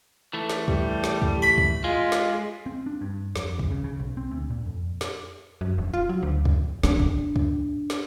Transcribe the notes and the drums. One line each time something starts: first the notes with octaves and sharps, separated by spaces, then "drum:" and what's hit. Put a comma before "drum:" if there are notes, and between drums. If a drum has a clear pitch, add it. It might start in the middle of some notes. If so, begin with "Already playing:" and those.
E3 A3
drum: snare
G3, drum: kick
drum: snare
drum: kick
B5
drum: kick
G#3 F4
drum: snare
C4
D4
G2
F2, drum: snare
G#1, drum: kick
C#3
C#3
B1
C4
D2
A#2
F2
drum: snare
F#2
E1
F4
F#3
D2
drum: kick
D4, drum: snare
drum: kick
drum: kick
drum: snare